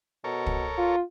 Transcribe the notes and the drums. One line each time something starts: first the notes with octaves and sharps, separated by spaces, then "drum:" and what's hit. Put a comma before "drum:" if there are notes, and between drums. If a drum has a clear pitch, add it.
B2 A4 A#4 C#5
drum: kick
F4